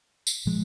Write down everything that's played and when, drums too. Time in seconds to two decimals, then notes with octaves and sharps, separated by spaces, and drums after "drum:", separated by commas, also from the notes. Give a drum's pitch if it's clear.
0.27 drum: tambourine
0.45 A#2 F3 G#3